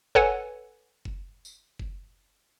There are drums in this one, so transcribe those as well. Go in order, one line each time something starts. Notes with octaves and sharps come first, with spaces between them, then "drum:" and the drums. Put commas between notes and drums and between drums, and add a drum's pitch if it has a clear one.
A4 B4 C#5 F#5 G#5, drum: kick F#1
drum: kick F#1
drum: tambourine
drum: kick F#1